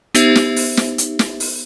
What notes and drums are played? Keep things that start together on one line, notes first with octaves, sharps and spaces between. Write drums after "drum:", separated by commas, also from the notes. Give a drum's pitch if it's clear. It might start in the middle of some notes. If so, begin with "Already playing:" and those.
B3 D#4 G4 C5 E5, drum: hi-hat
drum: snare
drum: open hi-hat
drum: snare
drum: hi-hat
drum: snare
drum: open hi-hat